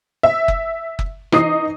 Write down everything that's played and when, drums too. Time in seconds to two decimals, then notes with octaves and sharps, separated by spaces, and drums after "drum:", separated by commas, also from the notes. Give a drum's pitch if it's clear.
0.23 E5
0.48 drum: kick F#1
0.99 drum: kick F#1
1.32 E3 D#4 D#6 C7, drum: rim click